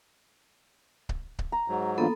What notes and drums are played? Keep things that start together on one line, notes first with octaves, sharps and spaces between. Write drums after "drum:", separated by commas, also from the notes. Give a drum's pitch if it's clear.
drum: kick C#1
drum: kick C#1
A#5
G#2 F#3
E3 A#3 B3 D4 F4 A4